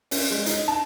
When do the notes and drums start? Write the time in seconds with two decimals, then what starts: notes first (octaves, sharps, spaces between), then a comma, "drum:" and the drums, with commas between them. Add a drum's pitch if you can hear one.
0.11 C#4, drum: open hi-hat
0.31 G#3
0.46 D#4, drum: hi-hat
0.68 A5